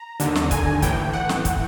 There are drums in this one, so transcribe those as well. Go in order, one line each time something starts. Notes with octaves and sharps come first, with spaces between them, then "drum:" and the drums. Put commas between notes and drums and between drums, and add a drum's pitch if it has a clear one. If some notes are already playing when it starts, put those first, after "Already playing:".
Already playing: A#5
D#2 D3, drum: hi-hat
drum: snare
G#5, drum: kick, hi-hat
A2 E3 G5, drum: kick, hi-hat
F#5
drum: snare
drum: kick, hi-hat